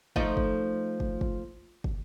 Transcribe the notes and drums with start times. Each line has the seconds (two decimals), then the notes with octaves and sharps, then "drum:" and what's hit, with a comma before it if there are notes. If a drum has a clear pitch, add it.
0.16 F3 A3 D#4, drum: kick
0.37 drum: kick
1.00 drum: kick
1.21 drum: kick
1.84 drum: kick